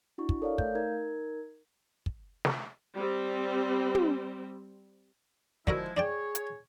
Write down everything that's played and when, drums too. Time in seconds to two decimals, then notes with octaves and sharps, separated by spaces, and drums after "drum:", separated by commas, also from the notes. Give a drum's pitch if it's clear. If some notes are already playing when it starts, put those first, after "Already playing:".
0.18 D4 E4 F#4 C#6
0.29 drum: kick
0.42 A4 A#4 C#5 D5 E5 F5
0.58 A3 F5 G6, drum: kick
0.75 D#4 A#4 G#6
2.06 drum: kick
2.45 drum: snare
2.95 G3 C4
3.95 drum: tom
5.67 D3 F3 G#3 E4 F#4 A#4, drum: kick
5.97 D4 G#4 C#5 D5 G5
6.35 drum: hi-hat